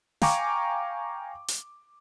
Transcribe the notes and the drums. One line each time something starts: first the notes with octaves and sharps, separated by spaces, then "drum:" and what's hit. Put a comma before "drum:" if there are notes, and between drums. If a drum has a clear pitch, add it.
F5 G5 G#5 A#5 C#6 D6, drum: snare
drum: hi-hat